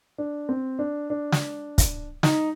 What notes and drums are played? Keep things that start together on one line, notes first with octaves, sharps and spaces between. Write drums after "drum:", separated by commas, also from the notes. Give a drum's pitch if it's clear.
D4
C4
D4
D4
drum: snare
drum: kick, hi-hat
D#4, drum: snare